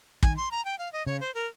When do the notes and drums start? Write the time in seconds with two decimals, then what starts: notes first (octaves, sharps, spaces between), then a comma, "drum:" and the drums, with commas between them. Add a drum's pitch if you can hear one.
0.23 D#3 G#5, drum: kick
0.37 C6
0.51 A#5
0.65 G5
0.79 F5
0.93 D#5
1.06 C#3 C#5
1.20 C5
1.35 A#4